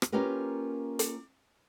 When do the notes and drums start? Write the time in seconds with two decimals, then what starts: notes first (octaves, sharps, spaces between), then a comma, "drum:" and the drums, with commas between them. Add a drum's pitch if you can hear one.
0.02 drum: rim click
0.12 A#3 C#4 F4 G4 A#4 B4
0.99 drum: hi-hat